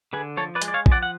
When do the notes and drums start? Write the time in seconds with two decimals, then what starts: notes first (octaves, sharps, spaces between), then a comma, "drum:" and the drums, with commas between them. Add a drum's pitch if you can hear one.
0.13 D3 G#4 B4
0.37 F3 A4 C#5
0.55 B4 D5
0.62 G#3, drum: hi-hat
0.68 D5
0.74 C#5 F5
0.86 F3, drum: kick
0.92 D5 F#5
1.03 F#5